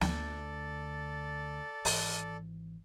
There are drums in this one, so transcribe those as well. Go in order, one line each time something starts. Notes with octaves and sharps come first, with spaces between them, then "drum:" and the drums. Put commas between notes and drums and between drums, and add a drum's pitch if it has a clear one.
D2 A4 D5, drum: snare
G#1 E3, drum: open hi-hat